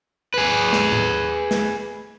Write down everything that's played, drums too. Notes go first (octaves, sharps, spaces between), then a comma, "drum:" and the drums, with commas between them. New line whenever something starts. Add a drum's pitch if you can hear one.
G#4 B4
drum: snare
drum: tom A2
drum: snare